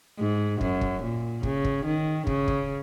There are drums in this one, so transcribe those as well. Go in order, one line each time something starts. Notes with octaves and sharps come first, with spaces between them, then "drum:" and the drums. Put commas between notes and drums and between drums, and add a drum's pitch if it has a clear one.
G#2
F#2, drum: kick
drum: kick
A#2
C#3, drum: kick
drum: kick
D#3
C#3, drum: kick
drum: kick